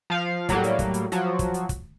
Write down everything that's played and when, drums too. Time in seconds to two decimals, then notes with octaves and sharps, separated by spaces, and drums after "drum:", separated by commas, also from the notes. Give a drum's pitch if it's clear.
0.10 F3 F5
0.49 A2 F#3 G3 A#3, drum: kick, hi-hat
0.64 drum: hi-hat
0.79 drum: kick, hi-hat
0.94 drum: hi-hat
1.12 F3 F#3 F#4, drum: hi-hat
1.39 drum: kick, hi-hat
1.54 drum: hi-hat
1.69 drum: kick, hi-hat